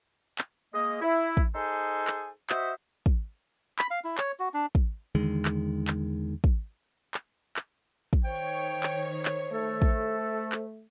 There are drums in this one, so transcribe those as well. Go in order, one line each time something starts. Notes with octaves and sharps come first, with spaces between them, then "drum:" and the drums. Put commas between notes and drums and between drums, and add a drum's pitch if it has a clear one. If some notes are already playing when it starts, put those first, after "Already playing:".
drum: clap
G#3 A#3 D#5
E4
drum: kick
D#4 G#4 A4 C5 G#5
drum: clap
F#4 C5 D#5 E5, drum: clap
drum: kick
B5, drum: clap
F5
E4
C#5, drum: clap
F#4
D4
drum: kick
E2 D3 D#3 G#3
drum: clap
drum: clap
drum: kick
drum: clap
drum: clap
drum: kick
D#3 C5 C#5 G5
drum: clap
drum: clap
A3 A4
drum: kick
drum: clap